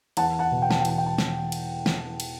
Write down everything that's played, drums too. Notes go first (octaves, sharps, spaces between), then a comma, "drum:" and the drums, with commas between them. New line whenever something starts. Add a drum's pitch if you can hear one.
E2 F#5 A5, drum: cymbal
F#5 A5
B2
G5
A5, drum: snare
G5
E2 A5, drum: cymbal
G5
A5
drum: snare
drum: cymbal
drum: snare
drum: cymbal